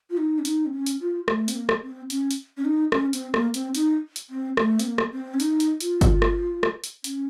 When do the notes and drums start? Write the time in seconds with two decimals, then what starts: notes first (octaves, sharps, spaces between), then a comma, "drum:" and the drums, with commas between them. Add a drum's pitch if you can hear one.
0.10 F4
0.17 D#4
0.39 C#4
0.45 D#4, drum: hi-hat
0.66 C4
0.73 C#4
0.86 drum: hi-hat
1.00 F4
1.28 A3, drum: rim click
1.48 C4, drum: hi-hat
1.55 A#3
1.69 drum: rim click
1.83 C4
2.10 C#4, drum: hi-hat
2.31 drum: hi-hat
2.57 C#4
2.65 D#4
2.92 C#4, drum: rim click
3.13 C4, drum: hi-hat
3.34 A#3, drum: rim click
3.54 C4, drum: hi-hat
3.75 D#4, drum: hi-hat
4.16 drum: hi-hat
4.30 C4
4.57 A3, drum: rim click
4.79 C4, drum: hi-hat
4.85 A#3
4.98 drum: rim click
5.12 C4
5.34 C#4
5.40 D#4, drum: hi-hat
5.60 drum: hi-hat
5.80 F4, drum: hi-hat
6.01 drum: kick G1, hi-hat
6.22 drum: rim click
6.63 drum: rim click
6.84 drum: hi-hat
7.04 C#4, drum: hi-hat